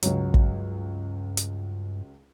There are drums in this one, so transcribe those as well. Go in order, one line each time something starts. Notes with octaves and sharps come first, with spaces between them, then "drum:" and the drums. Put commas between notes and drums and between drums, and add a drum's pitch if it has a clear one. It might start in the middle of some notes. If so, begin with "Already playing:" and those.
C#2 G2 F#3, drum: hi-hat
drum: kick
drum: hi-hat